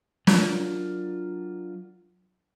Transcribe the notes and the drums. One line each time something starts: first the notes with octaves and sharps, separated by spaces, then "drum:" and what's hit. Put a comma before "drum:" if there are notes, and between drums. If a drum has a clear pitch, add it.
F#3 D4 F4 A#4, drum: snare